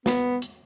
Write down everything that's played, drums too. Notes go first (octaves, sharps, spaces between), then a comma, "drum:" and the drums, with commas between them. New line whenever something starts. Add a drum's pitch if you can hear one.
B3, drum: snare
drum: hi-hat